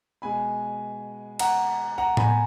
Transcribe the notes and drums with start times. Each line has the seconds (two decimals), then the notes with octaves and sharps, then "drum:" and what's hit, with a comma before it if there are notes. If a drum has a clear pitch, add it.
0.22 B2 G#3 G#5 B5
1.39 F#5 A#5, drum: cymbal
1.98 F#5 A#5
2.17 G#5 B5, drum: tom A2